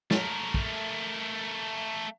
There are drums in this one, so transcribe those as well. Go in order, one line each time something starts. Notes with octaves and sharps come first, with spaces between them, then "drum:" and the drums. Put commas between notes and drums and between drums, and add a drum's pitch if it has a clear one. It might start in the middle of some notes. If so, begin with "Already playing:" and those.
A3 A#4, drum: snare
drum: kick